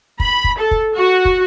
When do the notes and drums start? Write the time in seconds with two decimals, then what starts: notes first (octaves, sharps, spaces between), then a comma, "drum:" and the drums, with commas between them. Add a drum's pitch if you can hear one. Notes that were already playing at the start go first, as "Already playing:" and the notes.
0.20 B5, drum: kick
0.44 drum: kick
0.58 A4
0.71 drum: kick
0.93 F#4
1.25 drum: kick